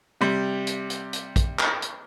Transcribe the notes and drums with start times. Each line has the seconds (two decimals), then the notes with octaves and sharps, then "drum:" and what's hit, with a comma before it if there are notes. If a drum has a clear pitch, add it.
0.21 C3 G3
0.67 drum: hi-hat
0.90 drum: hi-hat
1.13 drum: hi-hat
1.36 drum: kick, hi-hat
1.59 drum: clap
1.82 drum: hi-hat